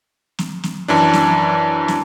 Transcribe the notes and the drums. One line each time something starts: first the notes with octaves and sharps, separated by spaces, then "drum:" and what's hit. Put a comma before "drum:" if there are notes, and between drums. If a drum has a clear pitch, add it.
drum: snare
drum: snare
F#2 E3 D4 A5
drum: snare
drum: snare